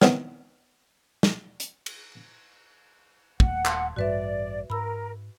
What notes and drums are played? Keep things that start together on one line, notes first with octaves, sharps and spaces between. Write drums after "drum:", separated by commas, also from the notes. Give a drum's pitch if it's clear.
D#3 F#3 B3 C4 D#4 E4, drum: snare
drum: snare
drum: hi-hat
drum: cymbal
D#1 A3 F#5, drum: kick
F5 A5 C6, drum: clap
A1 G2 G3 F#4 B4 D5 E5
G#2 A#4 B5 E6